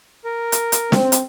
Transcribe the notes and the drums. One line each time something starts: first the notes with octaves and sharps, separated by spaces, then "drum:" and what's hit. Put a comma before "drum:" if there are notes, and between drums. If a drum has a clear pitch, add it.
A#4
drum: hi-hat
drum: hi-hat
C4, drum: snare
drum: hi-hat